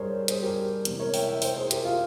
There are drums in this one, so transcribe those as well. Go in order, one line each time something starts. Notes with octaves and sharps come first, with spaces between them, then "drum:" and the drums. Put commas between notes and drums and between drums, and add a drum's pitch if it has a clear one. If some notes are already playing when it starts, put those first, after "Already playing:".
Already playing: G2 G3 G#4 A#4 C5 C#5
G#4 C5, drum: hi-hat
G4 A#4
E2 C3 E3 G#3, drum: hi-hat
A#4 C#5
E5 G5, drum: open hi-hat
E5 G5
C5 E5, drum: open hi-hat
G#4 C5
G4 A#4, drum: hi-hat
F4 G#4